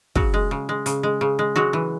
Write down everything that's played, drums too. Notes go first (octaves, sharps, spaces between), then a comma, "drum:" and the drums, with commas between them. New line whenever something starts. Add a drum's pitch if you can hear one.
C#3 F#3 F#4, drum: kick
G#3
C#3
G#3
C#3, drum: hi-hat
G#3
C#3
G#3
F#3 G#3 F#4
E3